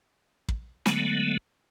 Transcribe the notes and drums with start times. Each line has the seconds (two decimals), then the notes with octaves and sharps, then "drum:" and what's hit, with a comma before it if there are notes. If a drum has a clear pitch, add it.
0.48 drum: kick
0.86 D3 F#3 G#3 A3 B3, drum: snare